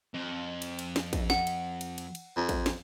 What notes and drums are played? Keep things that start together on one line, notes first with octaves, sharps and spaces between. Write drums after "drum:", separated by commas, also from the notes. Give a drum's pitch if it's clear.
F2
drum: cymbal
drum: cymbal
drum: snare
drum: kick A1, cymbal
F#5, drum: snare
drum: cymbal
drum: cymbal
drum: cymbal
drum: cymbal
F2
drum: kick A1, cymbal
drum: snare